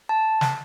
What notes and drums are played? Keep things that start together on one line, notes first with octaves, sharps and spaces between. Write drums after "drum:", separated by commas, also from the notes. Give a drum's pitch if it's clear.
A5
drum: snare